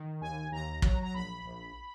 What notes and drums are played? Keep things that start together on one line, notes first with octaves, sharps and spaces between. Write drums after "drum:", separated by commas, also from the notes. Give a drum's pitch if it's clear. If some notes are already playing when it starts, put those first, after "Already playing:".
Already playing: D#3
D#2 G#5
D#2 A#5
F#3 A#5, drum: kick
A#5
A#1 B5
A#1